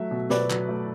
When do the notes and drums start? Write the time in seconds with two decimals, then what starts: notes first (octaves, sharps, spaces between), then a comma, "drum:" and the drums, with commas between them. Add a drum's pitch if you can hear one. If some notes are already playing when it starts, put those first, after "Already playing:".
Already playing: F#3 A3 E5
0.11 B2
0.30 B2 B4 D5, drum: snare
0.50 F#3, drum: clap
0.69 A3